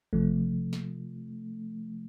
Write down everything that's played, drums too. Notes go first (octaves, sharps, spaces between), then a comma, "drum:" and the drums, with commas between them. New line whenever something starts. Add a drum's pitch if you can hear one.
C3 F3 A3, drum: kick G#1
drum: snare